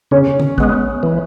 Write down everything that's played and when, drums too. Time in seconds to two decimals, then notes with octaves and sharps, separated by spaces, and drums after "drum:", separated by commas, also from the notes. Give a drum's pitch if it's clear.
0.11 C#3 C#4
0.40 drum: tom D3
0.58 G#3 B3, drum: kick
1.03 E3